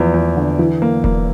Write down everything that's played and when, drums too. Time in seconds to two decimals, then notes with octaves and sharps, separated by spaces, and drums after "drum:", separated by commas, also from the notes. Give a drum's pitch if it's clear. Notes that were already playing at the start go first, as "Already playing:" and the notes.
Already playing: E2 F3
0.14 E2
0.37 D3
0.59 E3
0.82 A#3
1.04 A#3, drum: kick E1